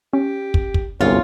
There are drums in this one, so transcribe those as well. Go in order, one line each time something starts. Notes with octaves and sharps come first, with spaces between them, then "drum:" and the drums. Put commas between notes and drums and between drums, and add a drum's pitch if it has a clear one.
C#4 G4
drum: kick
drum: kick
G1 C2 F#2 F4 C#5